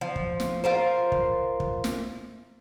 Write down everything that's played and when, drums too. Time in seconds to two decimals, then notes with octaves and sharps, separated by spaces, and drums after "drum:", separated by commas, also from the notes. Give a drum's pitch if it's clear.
0.01 F3
0.16 drum: kick
0.40 drum: snare
0.64 F4 A#4 C5
1.12 drum: kick
1.60 drum: kick
1.84 drum: snare